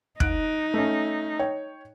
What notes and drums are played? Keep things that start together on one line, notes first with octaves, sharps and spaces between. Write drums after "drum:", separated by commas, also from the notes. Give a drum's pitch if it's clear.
D#4 F#6 D7, drum: kick
A3 C#4
C#5 G5